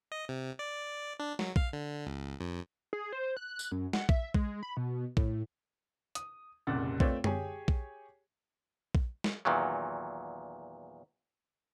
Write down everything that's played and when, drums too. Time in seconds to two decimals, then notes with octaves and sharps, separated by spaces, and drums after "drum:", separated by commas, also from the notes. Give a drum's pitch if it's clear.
0.12 D#5
0.29 C3
0.59 D5
1.20 D4
1.39 F#3, drum: snare
1.56 F5, drum: kick A#1
1.73 D3
2.07 C#2
2.40 F2
2.93 G#4
3.13 C5
3.37 F#6
3.59 drum: tambourine
3.72 F#2
3.93 F#5, drum: snare
4.09 E5, drum: kick A#1
4.34 G#3, drum: kick A#1
4.63 B5
4.77 B2
5.17 A2, drum: kick A#1
6.15 D#6, drum: hi-hat
6.67 F1 C2 A#2 C#3 F#5 A6
7.00 A3 B3 C4 F4 C#5 D5, drum: kick A#1
7.24 G4 G#4 C#5 G#5, drum: tom F#2
7.68 drum: kick A#1
8.95 drum: kick A#1
9.24 drum: snare
9.45 E2 A#2 D#3 F#3